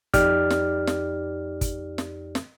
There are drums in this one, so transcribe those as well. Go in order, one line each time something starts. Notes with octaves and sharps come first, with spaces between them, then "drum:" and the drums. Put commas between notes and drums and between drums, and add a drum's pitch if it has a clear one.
F2 D#4 G4 D5 F6, drum: kick, hi-hat
drum: snare
drum: snare
drum: kick, hi-hat
drum: snare
drum: snare